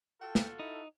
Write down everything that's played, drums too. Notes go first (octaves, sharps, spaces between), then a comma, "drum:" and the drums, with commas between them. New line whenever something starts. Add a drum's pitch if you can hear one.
F4 F#4 A4 G5
drum: snare
D#4 E4